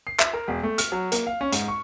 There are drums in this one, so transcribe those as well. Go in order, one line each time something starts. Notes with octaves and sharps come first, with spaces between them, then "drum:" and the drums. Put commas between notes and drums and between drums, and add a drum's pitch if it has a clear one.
C7
E5, drum: clap
A#4
E1
A3
F6, drum: hi-hat
F#3
A#3, drum: hi-hat
F5
C#4
G#2, drum: hi-hat
C#6